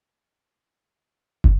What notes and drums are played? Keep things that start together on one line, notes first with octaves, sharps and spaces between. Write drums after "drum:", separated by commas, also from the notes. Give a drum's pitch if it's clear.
A2 D#3
drum: kick